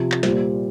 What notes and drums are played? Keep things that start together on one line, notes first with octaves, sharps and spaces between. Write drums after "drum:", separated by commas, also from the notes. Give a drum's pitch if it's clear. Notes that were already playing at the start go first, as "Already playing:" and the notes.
Already playing: C3 F3
drum: clap
A#2 G3 C5, drum: snare